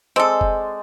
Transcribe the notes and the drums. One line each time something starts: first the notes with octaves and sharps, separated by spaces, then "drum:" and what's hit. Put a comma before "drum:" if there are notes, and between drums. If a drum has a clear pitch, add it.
G#3 C4 A4 C5 D5
drum: kick